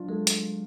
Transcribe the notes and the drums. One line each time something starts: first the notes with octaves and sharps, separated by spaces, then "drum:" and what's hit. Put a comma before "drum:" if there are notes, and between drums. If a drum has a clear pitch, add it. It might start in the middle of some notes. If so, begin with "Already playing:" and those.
Already playing: F#3 D4 F4
G#3 A3
drum: hi-hat